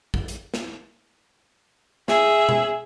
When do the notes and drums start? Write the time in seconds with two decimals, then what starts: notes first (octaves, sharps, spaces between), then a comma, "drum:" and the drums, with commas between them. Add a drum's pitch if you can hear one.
0.14 drum: kick
0.28 drum: hi-hat
0.54 drum: snare
2.08 G#4 E5, drum: snare
2.49 drum: tom B2